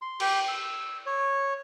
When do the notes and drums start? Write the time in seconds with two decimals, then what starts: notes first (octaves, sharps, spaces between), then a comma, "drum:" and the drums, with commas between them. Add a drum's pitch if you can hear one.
0.02 C6
0.20 G4, drum: cymbal
0.48 E6
1.06 C#5